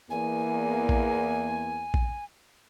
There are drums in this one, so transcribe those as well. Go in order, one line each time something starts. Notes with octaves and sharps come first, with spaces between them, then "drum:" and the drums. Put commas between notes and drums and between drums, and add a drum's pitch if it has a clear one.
E2 A#3 G#5
drum: kick
drum: kick